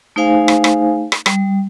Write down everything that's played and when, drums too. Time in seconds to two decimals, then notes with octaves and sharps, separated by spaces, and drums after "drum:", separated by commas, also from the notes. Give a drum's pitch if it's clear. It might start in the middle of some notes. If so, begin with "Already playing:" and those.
0.16 A3 D#4 G#4 C5 F5 G#5
0.48 drum: rim click
0.64 drum: rim click
1.12 drum: rim click
1.26 G3, drum: rim click